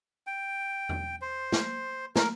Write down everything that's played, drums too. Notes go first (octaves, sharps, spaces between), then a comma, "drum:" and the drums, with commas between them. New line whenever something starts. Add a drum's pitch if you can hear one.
G5
drum: tom E2
C5
drum: snare
A#4, drum: snare